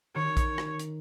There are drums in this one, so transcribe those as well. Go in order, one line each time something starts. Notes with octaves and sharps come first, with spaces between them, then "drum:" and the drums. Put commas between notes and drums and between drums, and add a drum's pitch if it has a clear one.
D#3 C#5
drum: kick A#1, hi-hat
drum: rim click
drum: hi-hat